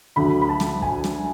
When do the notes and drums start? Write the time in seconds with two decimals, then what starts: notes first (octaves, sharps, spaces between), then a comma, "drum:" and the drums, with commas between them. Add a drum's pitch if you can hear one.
0.16 D2 D3 F#3 B5
0.41 B5
0.49 A5
0.60 drum: snare
0.82 G#5, drum: kick
1.04 drum: snare